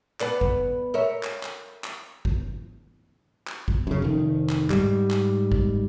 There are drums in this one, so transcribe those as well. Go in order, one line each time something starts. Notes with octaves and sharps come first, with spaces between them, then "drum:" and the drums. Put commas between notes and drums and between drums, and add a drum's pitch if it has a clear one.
B3 B4 D5, drum: clap
drum: kick
A#4 C#5 E5
drum: clap
drum: clap
drum: clap
drum: kick
drum: clap
drum: kick
F#2 C#3
F1 D#3
drum: clap
G#2 G3, drum: clap
drum: clap
drum: kick